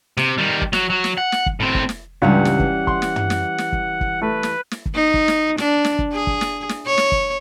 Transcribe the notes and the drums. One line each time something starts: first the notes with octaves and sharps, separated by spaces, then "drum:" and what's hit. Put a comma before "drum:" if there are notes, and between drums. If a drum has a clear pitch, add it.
C3, drum: snare
D#3 G3
drum: kick
F#3, drum: snare
F#3
drum: snare
F#5
drum: snare
drum: kick
A2 C4
drum: kick
drum: snare
C#2 G2 E3 G3 C#4 F5 F#5
drum: snare
drum: kick
C6, drum: kick
drum: snare
drum: tom
drum: snare
drum: snare
drum: kick
drum: kick
A3 B4
drum: snare
drum: snare
drum: kick
D#4
drum: kick
drum: snare
D4, drum: snare
drum: snare
drum: kick
G#4
drum: kick
drum: snare
drum: snare
C#5
drum: snare
drum: kick